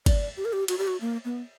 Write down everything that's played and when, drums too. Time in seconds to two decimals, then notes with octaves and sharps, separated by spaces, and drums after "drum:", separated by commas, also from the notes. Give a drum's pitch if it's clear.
0.06 D5, drum: kick G1, cymbal
0.37 G4
0.45 A#4
0.53 G4
0.68 F#4, drum: cymbal
0.78 G4
0.87 F#4
1.01 A#3
1.25 B3